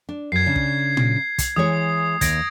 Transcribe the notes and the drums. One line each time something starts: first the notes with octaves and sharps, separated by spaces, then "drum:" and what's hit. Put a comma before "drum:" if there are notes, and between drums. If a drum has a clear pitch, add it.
D4
F#2 G#6 C7
C#3 D4
drum: kick
drum: tom A#2
drum: kick, hi-hat
E3 G#3 C#5 D#6
D#2 G#6 A#6 D7, drum: kick, hi-hat